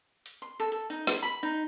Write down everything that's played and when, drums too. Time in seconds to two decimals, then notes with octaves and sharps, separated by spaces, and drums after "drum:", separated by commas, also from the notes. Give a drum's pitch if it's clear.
0.26 drum: hi-hat
0.42 C6
0.60 A4
0.72 A4
0.90 D#4
1.07 C6, drum: snare
1.22 B5
1.43 D#4